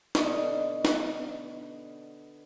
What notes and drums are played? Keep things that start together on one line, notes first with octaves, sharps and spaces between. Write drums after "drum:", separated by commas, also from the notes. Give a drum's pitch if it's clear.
B2 D3 D#5, drum: snare
drum: snare